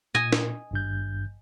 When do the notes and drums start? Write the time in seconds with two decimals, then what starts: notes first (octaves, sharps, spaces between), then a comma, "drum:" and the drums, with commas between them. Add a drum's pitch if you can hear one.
0.15 A#2 D#5 G#5
0.33 drum: snare
0.71 G#1 G2 G6